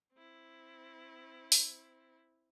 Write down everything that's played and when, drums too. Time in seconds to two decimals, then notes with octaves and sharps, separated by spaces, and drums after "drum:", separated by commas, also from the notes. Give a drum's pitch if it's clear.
0.14 C4 E4
1.52 drum: open hi-hat